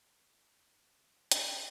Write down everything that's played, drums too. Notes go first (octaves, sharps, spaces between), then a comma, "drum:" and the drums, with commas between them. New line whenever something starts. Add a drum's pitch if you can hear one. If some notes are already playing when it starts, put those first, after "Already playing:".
A3
A3
D3
D#3
G3
drum: hi-hat